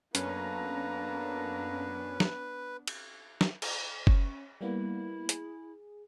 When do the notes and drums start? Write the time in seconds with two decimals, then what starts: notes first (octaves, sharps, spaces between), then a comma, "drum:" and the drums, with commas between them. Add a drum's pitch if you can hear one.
0.15 F#2 A#3 B3 C#4 D4 A4 B4 A#5, drum: hi-hat
2.20 drum: snare
2.88 drum: cymbal
3.41 drum: snare
3.62 drum: cymbal
4.07 C#4 C#6, drum: kick F#1
4.61 G3 A#3 B3 E4
5.29 G#4, drum: hi-hat